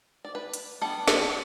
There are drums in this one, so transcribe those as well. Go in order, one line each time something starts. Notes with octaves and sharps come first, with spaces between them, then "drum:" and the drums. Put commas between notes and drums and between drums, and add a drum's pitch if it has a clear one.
D5
B4
drum: hi-hat
G3 B3 D4 A4
drum: snare